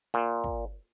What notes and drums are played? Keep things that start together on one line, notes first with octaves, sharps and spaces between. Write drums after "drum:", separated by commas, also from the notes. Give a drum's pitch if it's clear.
A#2
drum: kick